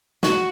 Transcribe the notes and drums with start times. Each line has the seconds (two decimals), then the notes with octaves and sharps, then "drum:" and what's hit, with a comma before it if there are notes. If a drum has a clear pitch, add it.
0.23 F#4, drum: snare